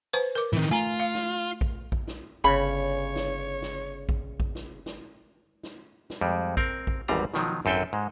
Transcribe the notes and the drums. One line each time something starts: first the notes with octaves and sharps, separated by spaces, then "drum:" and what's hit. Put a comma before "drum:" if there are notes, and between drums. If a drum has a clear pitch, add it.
B4 C5
A#4 D6
A2 D#3 E3 B3 C4
A3 F4 G#5 A#5
F5
drum: snare
drum: kick A#1
drum: kick A#1
drum: snare
G1 C#3 C#5 B5
drum: snare
drum: snare
drum: kick A#1
drum: kick A#1
drum: snare
drum: snare
drum: snare
drum: snare
F2 G3 G#3
C4 A#4, drum: kick A#1
drum: kick A#1
G#1 E2 G#2 G3 C4 A#5
B2 D#3 F3 F#3, drum: snare
G#1 F#2 C4 A4 B4 G5
G#2 G#3